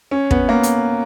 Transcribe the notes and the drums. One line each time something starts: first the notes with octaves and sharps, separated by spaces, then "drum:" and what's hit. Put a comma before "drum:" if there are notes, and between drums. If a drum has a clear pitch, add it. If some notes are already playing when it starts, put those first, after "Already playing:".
C#4
B3, drum: kick
A#3
drum: hi-hat